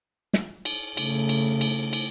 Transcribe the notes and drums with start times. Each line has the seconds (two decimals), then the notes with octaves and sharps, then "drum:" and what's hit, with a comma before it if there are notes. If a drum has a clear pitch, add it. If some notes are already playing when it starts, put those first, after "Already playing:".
0.33 drum: snare
0.65 drum: cymbal
0.97 C#3 A3, drum: cymbal
1.29 drum: cymbal
1.61 drum: cymbal
1.93 drum: cymbal